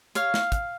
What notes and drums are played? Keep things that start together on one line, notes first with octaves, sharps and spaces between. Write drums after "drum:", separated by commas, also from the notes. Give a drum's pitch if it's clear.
C#5 F5, drum: hi-hat
drum: snare
drum: kick, hi-hat